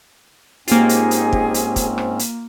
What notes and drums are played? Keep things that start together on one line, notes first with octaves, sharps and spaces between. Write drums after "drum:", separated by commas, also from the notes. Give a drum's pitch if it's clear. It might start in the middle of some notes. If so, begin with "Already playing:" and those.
G#2 A#3 C4 C#4 D#4 F4 G4 G#4, drum: hi-hat
drum: hi-hat
drum: hi-hat
drum: kick
drum: hi-hat
drum: kick, hi-hat
drum: rim click
drum: hi-hat